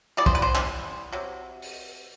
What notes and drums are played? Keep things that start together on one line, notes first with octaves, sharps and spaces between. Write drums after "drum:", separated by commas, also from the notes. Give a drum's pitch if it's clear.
E3 G3 B3 D5
C5, drum: kick
B4
C5
drum: clap
C3 F#3
drum: open hi-hat